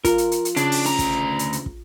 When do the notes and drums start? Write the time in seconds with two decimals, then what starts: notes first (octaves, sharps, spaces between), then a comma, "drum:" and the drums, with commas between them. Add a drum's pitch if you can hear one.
0.05 F4 A#4, drum: kick, hi-hat
0.18 drum: hi-hat
0.31 drum: hi-hat
0.45 drum: hi-hat
0.57 C#3 D4, drum: hi-hat
0.72 drum: open hi-hat
0.85 D2 A#5, drum: hi-hat
0.99 drum: kick, hi-hat
1.39 drum: hi-hat
1.53 drum: hi-hat
1.66 drum: kick